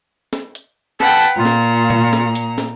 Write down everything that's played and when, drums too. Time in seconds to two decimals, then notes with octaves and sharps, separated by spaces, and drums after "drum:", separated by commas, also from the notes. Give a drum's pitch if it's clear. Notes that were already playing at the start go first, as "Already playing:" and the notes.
0.33 drum: snare
0.55 drum: hi-hat
1.00 B4 F#5 G5 A5, drum: snare
1.36 A#2 F4 A#5
1.45 drum: snare
1.90 drum: tom A#2
2.13 drum: snare
2.35 drum: hi-hat
2.58 drum: snare